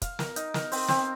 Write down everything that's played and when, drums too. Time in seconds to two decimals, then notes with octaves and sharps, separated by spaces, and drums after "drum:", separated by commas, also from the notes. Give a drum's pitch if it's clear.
0.02 F5, drum: kick, hi-hat
0.19 A#4, drum: snare
0.36 D#4, drum: hi-hat
0.54 A#4, drum: snare
0.72 C4, drum: open hi-hat
0.88 C4, drum: snare